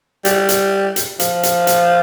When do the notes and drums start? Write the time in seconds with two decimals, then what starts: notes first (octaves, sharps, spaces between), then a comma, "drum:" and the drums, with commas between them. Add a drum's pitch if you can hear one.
0.25 G3, drum: hi-hat
0.49 drum: hi-hat
0.96 drum: hi-hat
1.20 F3, drum: hi-hat
1.43 drum: hi-hat
1.67 drum: hi-hat